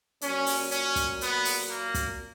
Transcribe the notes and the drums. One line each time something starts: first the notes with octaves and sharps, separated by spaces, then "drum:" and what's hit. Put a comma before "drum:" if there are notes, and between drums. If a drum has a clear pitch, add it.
A#2 F#3 C#4, drum: hi-hat
drum: open hi-hat
C#4, drum: hi-hat
drum: kick, hi-hat
B3, drum: hi-hat
drum: open hi-hat
A#3
drum: kick, hi-hat